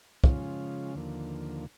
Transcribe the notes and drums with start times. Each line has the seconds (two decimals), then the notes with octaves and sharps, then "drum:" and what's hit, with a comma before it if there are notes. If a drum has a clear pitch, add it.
0.24 C#3 F3 G#3 C#4 F4, drum: kick
0.95 D#2 D3 F3 A#3